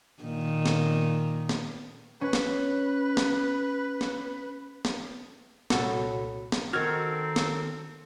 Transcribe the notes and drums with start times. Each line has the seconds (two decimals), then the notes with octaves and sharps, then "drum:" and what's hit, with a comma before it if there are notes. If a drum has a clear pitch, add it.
0.22 A#2 D#3
0.66 drum: snare
1.49 drum: snare
2.21 C#4 B4
2.33 drum: snare
3.17 drum: snare
4.01 drum: snare
4.85 drum: snare
5.70 C2 A#2 F#4 A4 C#5 B5, drum: snare
6.52 drum: snare
6.73 D#3 C4 F#4 A4 A#4 F6 G#6
7.36 drum: snare